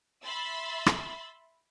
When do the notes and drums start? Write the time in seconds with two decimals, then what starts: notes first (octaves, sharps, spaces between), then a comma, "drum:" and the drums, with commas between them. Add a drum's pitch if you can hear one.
0.23 E5 B5 C6 E6 A6
0.86 drum: rim click